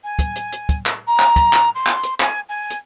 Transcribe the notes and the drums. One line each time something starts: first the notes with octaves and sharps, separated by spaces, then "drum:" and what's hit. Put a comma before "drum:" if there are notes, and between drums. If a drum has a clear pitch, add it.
G#5
drum: kick, hi-hat
drum: hi-hat
drum: hi-hat
drum: kick, hi-hat
drum: clap
A#5
drum: clap
drum: kick, hi-hat
drum: clap
C6
drum: clap
drum: hi-hat
G#5, drum: clap
G#5
drum: hi-hat